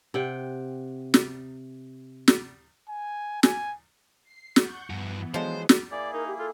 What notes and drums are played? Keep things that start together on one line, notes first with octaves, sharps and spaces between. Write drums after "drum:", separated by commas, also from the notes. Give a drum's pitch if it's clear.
C3 F#5 G5
drum: snare
drum: snare
G#5
G#5, drum: snare
C7
F#5 C#6 G6, drum: snare
G2 E3 B3 F#4
F3 F#3 G#3 C5
drum: snare
A#3 E4 G#4 D5
D#4 A#4
G4
F4 A4